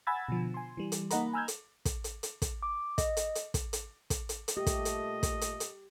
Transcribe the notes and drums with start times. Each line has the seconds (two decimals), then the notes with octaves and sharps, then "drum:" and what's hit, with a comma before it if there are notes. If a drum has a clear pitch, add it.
0.07 F#5 G#5 B5 E6 G#6 A6
0.28 B2 D3 F3
0.54 G#5 C6
0.77 E3 G3
0.92 drum: hi-hat
1.10 A#3 D#4 D#5 F#5 A#5 B5, drum: hi-hat
1.33 G#5 A#5 E6 F6 G6 G#6
1.48 drum: hi-hat
1.85 drum: kick, hi-hat
2.04 drum: hi-hat
2.23 drum: hi-hat
2.42 drum: kick, hi-hat
2.63 D6
2.98 D#5, drum: kick, hi-hat
3.17 drum: hi-hat
3.35 drum: hi-hat
3.54 drum: kick, hi-hat
3.73 drum: hi-hat
4.10 drum: kick, hi-hat
4.29 drum: hi-hat
4.48 drum: hi-hat
4.57 A#2 A3 G4 D#5
4.66 drum: kick, hi-hat
4.85 drum: hi-hat
5.23 drum: kick, hi-hat
5.41 drum: hi-hat
5.60 drum: hi-hat